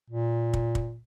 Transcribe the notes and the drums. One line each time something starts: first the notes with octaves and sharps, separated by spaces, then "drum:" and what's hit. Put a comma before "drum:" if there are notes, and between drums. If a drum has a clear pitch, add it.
A#2
drum: kick
drum: kick